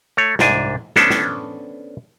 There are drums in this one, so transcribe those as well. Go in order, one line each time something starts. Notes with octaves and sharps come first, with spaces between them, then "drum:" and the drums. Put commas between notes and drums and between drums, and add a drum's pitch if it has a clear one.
A3 C#5
C2 G#2 D4 G#5, drum: snare
B3 C#4 D4 A4 C5, drum: snare
drum: snare